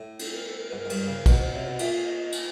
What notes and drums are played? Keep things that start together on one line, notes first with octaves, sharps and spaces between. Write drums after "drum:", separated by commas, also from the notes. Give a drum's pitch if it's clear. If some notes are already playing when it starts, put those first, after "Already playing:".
Already playing: A2
A4, drum: cymbal
A#4
A4
A#4
G#2 B4
A#4
G#2
G2, drum: cymbal
C#3
B2 B4, drum: kick, cymbal
C5
C3 C#5
B2
A#2 E5, drum: cymbal
F5
D#5
D#5
drum: cymbal